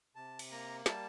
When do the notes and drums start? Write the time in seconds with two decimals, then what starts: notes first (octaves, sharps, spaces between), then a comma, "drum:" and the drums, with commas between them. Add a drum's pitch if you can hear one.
0.16 C3 A5
0.39 drum: cymbal
0.51 A#3 A#5
0.86 G3 A5, drum: snare